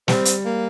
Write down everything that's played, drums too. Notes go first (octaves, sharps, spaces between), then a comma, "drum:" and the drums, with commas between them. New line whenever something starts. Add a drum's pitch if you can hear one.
G3 C4, drum: snare
drum: hi-hat
A#3